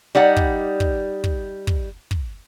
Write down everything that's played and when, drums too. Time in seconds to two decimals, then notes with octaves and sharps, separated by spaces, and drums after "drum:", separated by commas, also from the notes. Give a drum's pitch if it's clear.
0.15 G3 D#4 D5 F#5
0.36 drum: kick
0.80 drum: kick
1.24 drum: kick
1.67 drum: kick
2.11 drum: kick